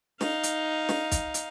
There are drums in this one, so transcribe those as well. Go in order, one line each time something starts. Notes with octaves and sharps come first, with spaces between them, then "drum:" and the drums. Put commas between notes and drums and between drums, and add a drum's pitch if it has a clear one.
D#4 F5, drum: snare
drum: hi-hat
drum: snare
drum: kick, hi-hat
drum: hi-hat